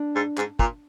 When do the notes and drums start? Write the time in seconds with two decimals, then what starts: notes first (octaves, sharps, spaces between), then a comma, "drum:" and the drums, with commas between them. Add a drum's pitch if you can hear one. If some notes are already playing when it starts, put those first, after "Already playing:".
Already playing: D4
0.16 G#2
0.37 G#2, drum: clap
0.59 A#2, drum: kick